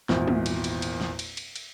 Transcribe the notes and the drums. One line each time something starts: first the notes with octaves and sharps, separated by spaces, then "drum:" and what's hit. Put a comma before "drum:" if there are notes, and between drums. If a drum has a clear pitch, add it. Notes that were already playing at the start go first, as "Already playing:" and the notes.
G#1 E2 A#2, drum: snare
drum: tom
drum: cymbal
drum: cymbal
drum: cymbal
drum: snare
drum: cymbal
drum: cymbal
drum: cymbal